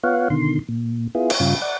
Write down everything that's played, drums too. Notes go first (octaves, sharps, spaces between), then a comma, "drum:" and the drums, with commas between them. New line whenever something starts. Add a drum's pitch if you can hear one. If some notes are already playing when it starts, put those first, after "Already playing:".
B3 F4 C#5 F5 F#5
B2 D3 D#3 C6
A#2
B3 E4 F4 G#4
drum: cymbal
G2 C#3 F4
D5 F#5